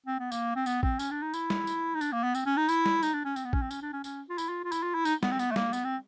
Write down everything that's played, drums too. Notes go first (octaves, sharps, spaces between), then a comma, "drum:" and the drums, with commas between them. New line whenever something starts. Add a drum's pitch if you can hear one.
C4
B3
A#3, drum: tambourine
C4
B3, drum: tambourine
C4, drum: kick A1
C#4, drum: tambourine
D4
D#4
E4, drum: tambourine
drum: snare
drum: tambourine
D#4
D4, drum: tambourine
A#3
B3
C4, drum: tambourine
C#4
D#4
E4, drum: tambourine
drum: snare
D#4, drum: tambourine
D4
C#4
C4, drum: tambourine
B3
C#4, drum: kick A1
C4
C#4, drum: tambourine
D4
C#4
C#4, drum: tambourine
F4
E4, drum: tambourine
F4
F4
E4, drum: tambourine
F4
E4
D#4, drum: tambourine
B3, drum: snare
C4
B3, drum: tambourine
A3
A#3, drum: snare
B3, drum: tambourine
C4